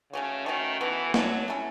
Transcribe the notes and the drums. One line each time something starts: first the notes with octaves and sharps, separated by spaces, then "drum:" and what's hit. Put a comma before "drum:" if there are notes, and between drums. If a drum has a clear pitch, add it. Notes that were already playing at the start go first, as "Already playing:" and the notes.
C#3 A3 C#4 F#4
D#3 A3 C#4 F#4
E3 B3 F#4 A4
F#3 B3 F#4 A4, drum: snare
A3 C#4 E4 A4